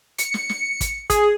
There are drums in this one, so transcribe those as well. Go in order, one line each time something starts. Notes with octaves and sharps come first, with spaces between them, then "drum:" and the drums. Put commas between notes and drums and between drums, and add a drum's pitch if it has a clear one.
C#7, drum: hi-hat
drum: snare
drum: snare
drum: kick, hi-hat
G#4, drum: kick, hi-hat